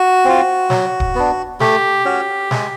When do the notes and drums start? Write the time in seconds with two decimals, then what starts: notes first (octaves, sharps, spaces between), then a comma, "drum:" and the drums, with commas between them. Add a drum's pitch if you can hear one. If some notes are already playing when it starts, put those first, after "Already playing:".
Already playing: F#4
0.25 C4 F4
0.70 F#3, drum: snare
1.00 drum: kick D1
1.15 B3 D4
1.60 A3 G4, drum: snare
2.05 C#4 F#4
2.51 G#3, drum: snare